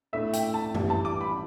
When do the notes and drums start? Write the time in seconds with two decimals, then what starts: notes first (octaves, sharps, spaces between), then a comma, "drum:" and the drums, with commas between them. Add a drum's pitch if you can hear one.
0.13 A2 A3 D4 E5
0.33 G5, drum: hi-hat
0.54 A5
0.75 A1 G2 E3 G3 D4, drum: tom F#2
0.90 A5
1.05 D6
1.21 B5